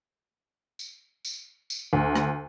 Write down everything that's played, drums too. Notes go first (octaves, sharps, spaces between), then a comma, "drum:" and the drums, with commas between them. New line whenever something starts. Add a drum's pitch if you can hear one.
drum: tambourine
drum: tambourine
drum: tambourine
D2
drum: rim click